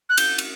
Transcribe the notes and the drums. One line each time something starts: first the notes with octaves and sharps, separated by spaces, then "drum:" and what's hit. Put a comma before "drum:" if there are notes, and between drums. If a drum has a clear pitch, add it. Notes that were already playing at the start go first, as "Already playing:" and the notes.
F#6
G6, drum: cymbal
drum: cymbal